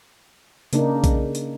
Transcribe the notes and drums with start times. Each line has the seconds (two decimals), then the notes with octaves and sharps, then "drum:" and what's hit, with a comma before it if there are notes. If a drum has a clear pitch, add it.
0.73 C#3 A#3 D4 D#4, drum: hi-hat
1.04 drum: kick B1, hi-hat
1.35 drum: hi-hat